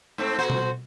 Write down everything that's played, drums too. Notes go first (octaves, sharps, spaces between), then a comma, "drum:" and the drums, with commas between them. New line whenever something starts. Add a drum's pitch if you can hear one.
G#2 A3 C4
B2 F#4 C5
drum: tom B2